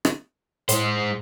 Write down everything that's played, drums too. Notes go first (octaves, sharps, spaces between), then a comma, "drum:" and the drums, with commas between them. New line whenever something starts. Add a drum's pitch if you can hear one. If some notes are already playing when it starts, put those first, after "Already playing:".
drum: rim click
A2 G#3 C5, drum: hi-hat